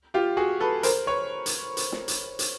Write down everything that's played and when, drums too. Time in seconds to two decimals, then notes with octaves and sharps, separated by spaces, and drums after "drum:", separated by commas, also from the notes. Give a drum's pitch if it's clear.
0.14 F4 G4
0.37 F#4 G#4
0.60 A4 B4
0.83 A#4 C5, drum: hi-hat
1.07 B4 C#5
1.46 drum: hi-hat
1.77 drum: hi-hat
1.92 drum: snare
2.08 drum: hi-hat
2.39 drum: hi-hat